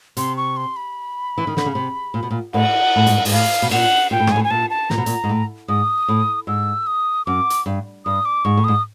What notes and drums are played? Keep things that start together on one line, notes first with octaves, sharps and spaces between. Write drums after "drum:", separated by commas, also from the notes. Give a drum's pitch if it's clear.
C3 C6, drum: hi-hat
C#6
C6
B5
E3
D#3
D3, drum: snare
C#3
C3
A#2
B2
A#2
A2 F#5, drum: cymbal
A2
G#2, drum: hi-hat
G2
G#2, drum: open hi-hat
A2 F5
B2
A#2 F#5, drum: cymbal
A#2 G5
A2
G#2, drum: rim click
G#5
A2
G#5
A#2 A5
A5
A#2 A#5, drum: snare
B2
A#2, drum: hi-hat
G#2
A2
G#2 D#6
A2
G#2 E6
D#6
F#2 D6
drum: hi-hat
G2
G2 D#6
D6
G#2 C#6
A2
G#2 D#6